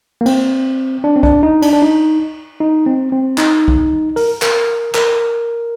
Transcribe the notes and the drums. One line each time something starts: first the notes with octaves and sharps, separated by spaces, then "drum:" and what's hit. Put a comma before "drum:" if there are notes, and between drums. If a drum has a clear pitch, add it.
A#3
C4, drum: cymbal
D4
C4
D4, drum: kick B1
D#4
D4, drum: cymbal
D4
D#4
D#4
C4
C4
D#4, drum: clap
drum: kick B1
A#4, drum: open hi-hat
A#4, drum: clap
A#4, drum: clap